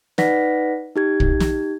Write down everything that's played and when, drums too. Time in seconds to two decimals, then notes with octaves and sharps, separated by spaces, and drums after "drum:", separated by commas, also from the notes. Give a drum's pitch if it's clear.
0.18 D#4 B4 D5 F#5 A#6 B6, drum: snare
0.96 D#4 G4 G#6
1.20 drum: kick
1.40 drum: snare